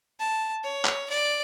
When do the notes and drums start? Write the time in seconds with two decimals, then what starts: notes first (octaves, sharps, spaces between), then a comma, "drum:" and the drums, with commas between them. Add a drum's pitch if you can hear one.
0.20 A5
0.64 C#5
0.85 drum: clap
1.10 D5